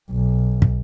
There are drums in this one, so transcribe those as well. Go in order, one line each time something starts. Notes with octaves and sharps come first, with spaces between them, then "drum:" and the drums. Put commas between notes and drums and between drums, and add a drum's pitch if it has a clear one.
B1
drum: kick